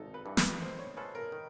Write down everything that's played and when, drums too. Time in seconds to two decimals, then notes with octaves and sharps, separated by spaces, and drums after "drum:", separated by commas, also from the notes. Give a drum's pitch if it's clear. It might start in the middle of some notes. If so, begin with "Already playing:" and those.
Already playing: G#1 D#4 A4
0.14 B4
0.26 G2 E3
0.37 B4, drum: snare
0.61 D#3 C5
0.79 C#5
0.97 G#3 C#4 F4 A4 B4
1.15 A#4
1.32 D#3